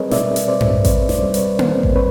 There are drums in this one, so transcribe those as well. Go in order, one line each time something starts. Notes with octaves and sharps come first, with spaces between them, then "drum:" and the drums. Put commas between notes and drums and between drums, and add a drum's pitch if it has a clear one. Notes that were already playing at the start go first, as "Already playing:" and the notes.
Already playing: G3 C4 G#4 A#4 B4 C#5 D#5
B2 D5 E5, drum: snare
drum: hi-hat
C4 C5 D5
drum: tom G2
C4 B4 C#5, drum: kick A1, hi-hat
C5 D5, drum: snare
G3
B4 C#5, drum: hi-hat
C4 A#4 C5, drum: tom A#3
drum: kick A1
C4 B4 C#5